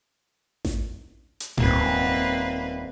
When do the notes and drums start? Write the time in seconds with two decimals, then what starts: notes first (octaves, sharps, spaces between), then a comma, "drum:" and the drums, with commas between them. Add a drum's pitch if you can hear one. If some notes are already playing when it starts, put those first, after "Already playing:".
0.65 drum: snare A1
1.40 drum: hi-hat
1.57 D#1 A#3 C4 B4, drum: tom G#2